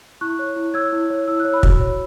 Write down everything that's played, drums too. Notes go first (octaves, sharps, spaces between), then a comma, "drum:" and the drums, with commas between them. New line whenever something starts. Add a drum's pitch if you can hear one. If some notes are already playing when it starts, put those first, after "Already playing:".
E4 C#6 F#6
C#5
E4
C#5 E6 G#6
E4
C#5
E4 E6
F#6
C#5
B5 E6
F#4, drum: kick
C#5